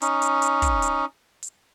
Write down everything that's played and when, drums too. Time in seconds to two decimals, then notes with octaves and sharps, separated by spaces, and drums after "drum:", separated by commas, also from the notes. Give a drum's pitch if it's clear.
0.02 C#4 D#4, drum: hi-hat
0.22 drum: hi-hat
0.42 drum: hi-hat
0.62 drum: kick, hi-hat
0.82 drum: hi-hat
1.43 drum: hi-hat